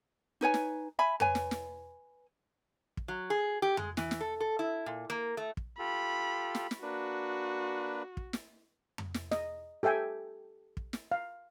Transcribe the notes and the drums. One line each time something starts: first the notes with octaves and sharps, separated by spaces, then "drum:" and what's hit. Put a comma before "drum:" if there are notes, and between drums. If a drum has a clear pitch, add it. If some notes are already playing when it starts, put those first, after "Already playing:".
D#4 B4 C#5 G#5
drum: snare
E5 G#5 B5
B4 C#5 G#5, drum: tom F2
drum: snare
drum: snare
drum: kick
F#3
G#4
G4
G#3, drum: tom F2
E3, drum: snare
drum: snare
A4
A4
E4
A#2
A#3
A3
drum: kick
F4 G4 A4 B5
drum: snare
drum: snare
A#3 D4 F#4 B4
drum: kick
drum: snare
drum: tom F2
drum: snare
D#5, drum: snare
G4 A4 E5 G5 G#5
drum: kick
drum: snare
F5